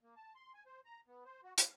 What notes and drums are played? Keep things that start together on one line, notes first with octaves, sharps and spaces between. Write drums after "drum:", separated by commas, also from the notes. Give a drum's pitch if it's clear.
A#3
A5
C6
G#5
C5
A#5
B3
C5
F#4
F5, drum: hi-hat